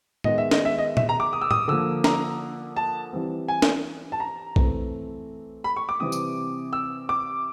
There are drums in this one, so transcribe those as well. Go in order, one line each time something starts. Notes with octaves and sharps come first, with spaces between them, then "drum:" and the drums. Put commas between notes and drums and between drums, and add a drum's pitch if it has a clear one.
D#3 G#3 B3 D#5, drum: tom A2
E5
D#5, drum: snare
E5
D#5
E5, drum: tom A#2
A#5
D6
D#6
E6
D#6, drum: tom A2
D3 F3 A#3 E6
A#5, drum: snare
A5
E3 G3 C4
G#5
drum: snare
A5
A#5
E3 A3 C4, drum: kick B1
B5
C#6
D6
C3 E3 G3 C4 D#6
drum: tambourine
E6
D6